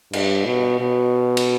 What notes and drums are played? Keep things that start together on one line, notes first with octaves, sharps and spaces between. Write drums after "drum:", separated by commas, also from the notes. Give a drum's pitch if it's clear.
G2, drum: cymbal
B2
B2
drum: cymbal